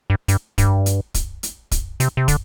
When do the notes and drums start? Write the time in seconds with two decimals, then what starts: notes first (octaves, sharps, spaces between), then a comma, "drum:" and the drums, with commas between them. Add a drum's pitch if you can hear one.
0.10 G2
0.28 G2, drum: hi-hat
0.58 G2, drum: kick, hi-hat
0.86 drum: hi-hat
1.14 drum: kick, hi-hat
1.43 drum: hi-hat
1.71 drum: kick, hi-hat
2.00 C3, drum: hi-hat
2.17 C3
2.28 D3, drum: kick, hi-hat